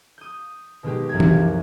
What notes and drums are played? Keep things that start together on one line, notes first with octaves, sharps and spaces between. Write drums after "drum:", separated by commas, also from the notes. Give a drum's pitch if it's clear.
D#6 G6
B2 D#3 G#3 G4
C2 F#2 F3 A#3 G4 G#6
drum: tom E3